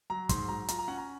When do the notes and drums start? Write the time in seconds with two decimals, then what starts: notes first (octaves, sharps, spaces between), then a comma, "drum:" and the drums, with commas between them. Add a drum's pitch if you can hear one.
0.10 F#3 A#5
0.29 G#2 C6, drum: kick, hi-hat
0.49 F#3 A#5
0.68 F4 A#5, drum: hi-hat
0.79 A#5
0.88 C#4 F#5
0.98 A#5